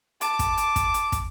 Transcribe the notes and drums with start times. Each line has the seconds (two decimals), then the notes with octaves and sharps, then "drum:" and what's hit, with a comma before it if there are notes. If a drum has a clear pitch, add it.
0.21 A5 D6, drum: hi-hat
0.39 drum: kick, hi-hat
0.57 drum: hi-hat
0.76 drum: kick, hi-hat
0.94 drum: hi-hat
1.12 drum: kick, hi-hat